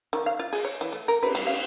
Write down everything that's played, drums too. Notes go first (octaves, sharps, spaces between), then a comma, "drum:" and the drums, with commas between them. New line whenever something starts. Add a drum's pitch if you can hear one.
D#3
F5
F4
G#4, drum: open hi-hat
C#5
E3
A3
A#4
B4, drum: cymbal
G3, drum: hi-hat
F5